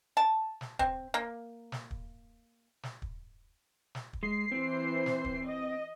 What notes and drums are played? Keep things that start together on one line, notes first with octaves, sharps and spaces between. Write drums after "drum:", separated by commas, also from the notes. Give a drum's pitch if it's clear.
A5
drum: snare
C4, drum: kick
A#3
drum: snare
drum: kick
drum: snare
drum: kick
drum: snare
drum: kick
G#3 C7
E3 C4 C5
drum: snare
drum: kick
D#5